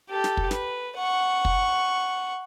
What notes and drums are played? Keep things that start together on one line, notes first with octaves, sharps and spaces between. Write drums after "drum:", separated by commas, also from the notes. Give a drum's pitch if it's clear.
G4 A4
drum: snare
drum: kick
B4, drum: snare
F#5 C#6
drum: kick